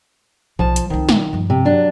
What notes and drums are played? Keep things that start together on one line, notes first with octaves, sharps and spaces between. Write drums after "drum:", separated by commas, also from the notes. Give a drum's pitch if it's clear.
B1 F3 A5
drum: hi-hat
C2 D#3 F3
B2, drum: snare
G2 F3
C3
F#3 D4